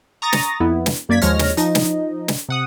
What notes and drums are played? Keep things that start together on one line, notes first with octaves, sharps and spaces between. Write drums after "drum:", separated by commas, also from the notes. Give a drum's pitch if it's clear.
A#5 C#6 D#6 A6 A#6
drum: snare
F2 B3 E4
drum: snare
F#2 A#3 D5 G#6 B6
D#2 F3 G#3 C#5 F6 A#6, drum: hi-hat
drum: snare
F3 D#4 D#5, drum: hi-hat
drum: snare
drum: snare
C3 F#5 D#6